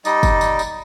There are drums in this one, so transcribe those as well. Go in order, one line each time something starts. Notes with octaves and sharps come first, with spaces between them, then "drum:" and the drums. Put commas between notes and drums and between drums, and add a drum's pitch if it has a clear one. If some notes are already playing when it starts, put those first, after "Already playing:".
G3 D#4 D5 D#5, drum: tambourine
drum: kick, tambourine
drum: tambourine
drum: tambourine